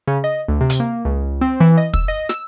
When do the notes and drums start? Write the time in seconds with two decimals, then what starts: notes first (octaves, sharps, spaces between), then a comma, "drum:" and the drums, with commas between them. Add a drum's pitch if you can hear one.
0.07 C#3
0.24 D#5
0.48 D2
0.61 C3
0.70 drum: hi-hat
0.80 A#3
1.05 C#2
1.41 C4
1.60 E3
1.78 D#5
1.93 E6, drum: kick
2.08 D#5
2.29 E6, drum: snare